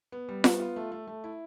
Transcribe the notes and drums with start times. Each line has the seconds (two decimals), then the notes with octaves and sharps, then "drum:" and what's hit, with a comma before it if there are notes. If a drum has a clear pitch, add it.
0.12 B3
0.29 G3
0.44 B3, drum: snare F4
0.60 F4
0.76 A3
0.92 A3
1.07 A3
1.24 E4